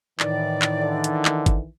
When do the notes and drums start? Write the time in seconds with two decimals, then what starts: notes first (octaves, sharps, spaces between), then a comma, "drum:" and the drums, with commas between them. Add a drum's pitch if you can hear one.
0.20 A2 D#3 E3 D5, drum: clap
0.62 drum: clap
0.79 D3
1.04 drum: hi-hat
1.25 drum: clap
1.46 drum: kick, hi-hat